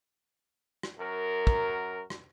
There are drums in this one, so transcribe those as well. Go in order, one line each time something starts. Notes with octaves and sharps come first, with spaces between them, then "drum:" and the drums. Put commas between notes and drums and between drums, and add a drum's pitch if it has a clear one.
drum: rim click
F#2 F#4 A#4
drum: kick
drum: rim click